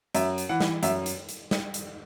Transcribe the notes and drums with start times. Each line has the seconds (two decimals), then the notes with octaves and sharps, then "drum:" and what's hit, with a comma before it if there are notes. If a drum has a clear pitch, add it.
0.15 F#2 E5, drum: hi-hat
0.38 drum: hi-hat
0.49 E3 F#5
0.61 drum: snare
0.83 F#2 E5, drum: hi-hat
1.06 drum: hi-hat
1.29 drum: hi-hat
1.51 drum: snare
1.74 drum: hi-hat